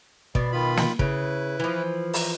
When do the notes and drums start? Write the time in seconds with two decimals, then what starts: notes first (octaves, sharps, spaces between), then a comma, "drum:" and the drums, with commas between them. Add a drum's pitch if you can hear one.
0.35 B2 D5, drum: kick
0.52 D#3 F4 B5
0.77 drum: snare
0.99 C#3 E4 B4, drum: kick
1.60 E3 F3
2.14 A#5, drum: open hi-hat